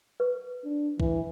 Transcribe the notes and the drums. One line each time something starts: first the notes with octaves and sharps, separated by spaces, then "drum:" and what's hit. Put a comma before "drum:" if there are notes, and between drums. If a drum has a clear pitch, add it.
B4
D4
E3, drum: kick